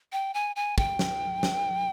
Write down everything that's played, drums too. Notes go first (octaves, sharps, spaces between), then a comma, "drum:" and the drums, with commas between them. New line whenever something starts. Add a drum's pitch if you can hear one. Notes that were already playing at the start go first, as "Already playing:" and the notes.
G5
G#5
G#5
G5, drum: kick
drum: snare
drum: snare